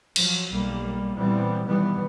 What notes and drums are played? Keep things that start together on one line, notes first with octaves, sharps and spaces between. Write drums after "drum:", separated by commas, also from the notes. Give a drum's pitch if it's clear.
F3 F#3, drum: cymbal
B1 G3 A#3
A#2 E3 G3 B3 C4
B2 D#3 E3 F#3 G3 B3